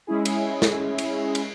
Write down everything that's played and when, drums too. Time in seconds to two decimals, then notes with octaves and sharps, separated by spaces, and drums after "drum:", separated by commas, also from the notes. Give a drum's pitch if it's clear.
0.07 G#3 C#4 E4 G#4
0.25 drum: cymbal
0.62 drum: snare
0.98 drum: cymbal
1.35 drum: cymbal